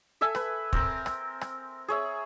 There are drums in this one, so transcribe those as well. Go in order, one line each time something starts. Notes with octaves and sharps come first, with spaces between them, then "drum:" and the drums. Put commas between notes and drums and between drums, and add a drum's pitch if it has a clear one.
A4 E5 G#5 E6
B4, drum: rim click
C4 A#4, drum: kick
drum: rim click
drum: rim click
G#4 C#5 E5